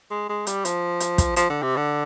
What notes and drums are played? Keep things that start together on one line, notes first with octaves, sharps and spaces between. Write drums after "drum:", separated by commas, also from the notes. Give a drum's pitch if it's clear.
G#3
G#3
G3, drum: hi-hat
F3, drum: hi-hat
drum: hi-hat
drum: kick, hi-hat
F3, drum: hi-hat
D3
C3
D3